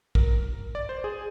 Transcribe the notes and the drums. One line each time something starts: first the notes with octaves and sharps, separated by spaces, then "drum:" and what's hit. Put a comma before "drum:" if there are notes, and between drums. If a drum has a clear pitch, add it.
A#4, drum: kick
D5
C5
G#4